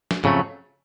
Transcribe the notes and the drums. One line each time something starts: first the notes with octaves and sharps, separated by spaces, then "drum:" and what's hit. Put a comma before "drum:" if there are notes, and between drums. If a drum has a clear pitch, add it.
drum: snare
F2 C#3 F#3 A3, drum: tom